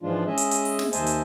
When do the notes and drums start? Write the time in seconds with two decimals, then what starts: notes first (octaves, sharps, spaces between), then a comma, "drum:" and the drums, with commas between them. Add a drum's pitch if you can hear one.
0.03 G#2 E3 F3 G#3 D4 F4
0.27 G#3 C#4 G#4 D#5 E5
0.37 drum: hi-hat
0.51 drum: hi-hat
0.65 drum: open hi-hat
0.79 drum: snare
0.93 D#2 C5 D#5 E5 G#5 A5, drum: hi-hat
1.07 drum: hi-hat